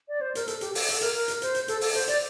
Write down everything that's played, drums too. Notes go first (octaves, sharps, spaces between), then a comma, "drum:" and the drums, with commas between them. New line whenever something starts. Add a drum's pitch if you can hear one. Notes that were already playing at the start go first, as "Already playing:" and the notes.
D5
C5
A#4, drum: hi-hat
A4, drum: hi-hat
G4, drum: hi-hat
A4, drum: open hi-hat
A4, drum: hi-hat
A#4, drum: hi-hat
A#4
drum: hi-hat
C5, drum: hi-hat
drum: hi-hat
A4, drum: hi-hat
A4, drum: open hi-hat
C5, drum: hi-hat
D5, drum: hi-hat